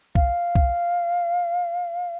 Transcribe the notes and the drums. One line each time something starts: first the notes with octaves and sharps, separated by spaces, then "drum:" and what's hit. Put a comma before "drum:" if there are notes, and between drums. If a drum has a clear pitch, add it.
F5, drum: kick
drum: kick